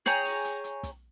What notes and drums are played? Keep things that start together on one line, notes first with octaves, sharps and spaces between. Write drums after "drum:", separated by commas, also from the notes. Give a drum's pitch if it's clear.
G#4 C#5 G5 A#5, drum: snare
drum: open hi-hat
drum: hi-hat
drum: hi-hat
drum: kick, hi-hat